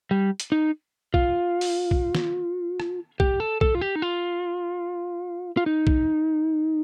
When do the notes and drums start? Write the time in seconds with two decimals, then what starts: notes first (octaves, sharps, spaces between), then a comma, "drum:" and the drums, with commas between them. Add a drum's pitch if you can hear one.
0.11 G3
0.40 drum: hi-hat
0.52 D#4
1.14 F4, drum: kick
1.61 drum: open hi-hat
1.91 drum: kick
2.15 drum: snare
2.80 drum: rim click
3.20 G4, drum: kick
3.40 A4
3.61 A4, drum: kick
3.75 F4
3.81 G4
3.96 D#4
4.02 F4
5.57 F4
5.66 D#4
5.87 drum: kick